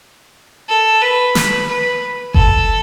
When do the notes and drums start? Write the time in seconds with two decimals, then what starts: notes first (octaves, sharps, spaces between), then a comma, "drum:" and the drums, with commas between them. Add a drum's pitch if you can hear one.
0.69 A4
1.02 B4
1.35 B4, drum: snare
1.68 B4
2.34 A4, drum: kick F#1